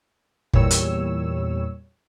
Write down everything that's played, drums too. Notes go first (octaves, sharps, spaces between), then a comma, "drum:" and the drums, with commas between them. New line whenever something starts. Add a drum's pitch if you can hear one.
E2 A#2 G3 C#5 E6, drum: kick
drum: hi-hat